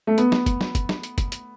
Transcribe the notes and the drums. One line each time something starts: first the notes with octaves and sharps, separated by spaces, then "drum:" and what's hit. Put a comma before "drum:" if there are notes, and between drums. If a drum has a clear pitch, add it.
A3
B3, drum: hi-hat
drum: snare
drum: kick, hi-hat
drum: snare
drum: kick, hi-hat
drum: snare
drum: hi-hat
drum: kick, hi-hat
drum: hi-hat